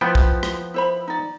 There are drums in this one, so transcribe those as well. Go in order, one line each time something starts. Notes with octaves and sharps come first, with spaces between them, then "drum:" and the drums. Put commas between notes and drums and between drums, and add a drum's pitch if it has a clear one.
F3 B3 E4 F4 G5 B5
drum: kick
drum: rim click
E4 C5 B5
D#4 D5